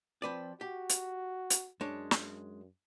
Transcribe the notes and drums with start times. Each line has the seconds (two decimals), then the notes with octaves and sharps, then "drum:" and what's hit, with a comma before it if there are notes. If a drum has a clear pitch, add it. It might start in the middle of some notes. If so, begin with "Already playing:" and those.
0.22 F3 C4 B4 D5
0.61 F#4 G4
0.89 drum: hi-hat
1.50 drum: hi-hat
1.81 F#2 G#3 D4 C#5
2.11 drum: snare